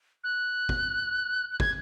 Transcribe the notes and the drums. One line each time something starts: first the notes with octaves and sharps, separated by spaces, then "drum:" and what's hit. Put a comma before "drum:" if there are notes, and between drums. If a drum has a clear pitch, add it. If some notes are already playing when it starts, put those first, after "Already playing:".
F#6
drum: kick
F#6
G#6, drum: kick